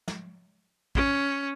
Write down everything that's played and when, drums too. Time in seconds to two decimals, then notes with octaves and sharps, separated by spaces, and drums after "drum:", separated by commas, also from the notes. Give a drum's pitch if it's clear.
0.08 drum: snare
0.95 C#4, drum: kick